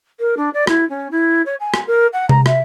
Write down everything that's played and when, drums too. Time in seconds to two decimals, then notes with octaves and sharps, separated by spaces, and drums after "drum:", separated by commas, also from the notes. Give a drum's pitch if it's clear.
0.19 A#4
0.37 D4
0.53 D5
0.67 E4, drum: rim click
0.89 C#4
1.11 E4
1.45 C#5
1.60 G#5
1.74 drum: rim click
1.87 A#4
2.13 F#5
2.29 A#5, drum: tom C3
2.46 E5, drum: rim click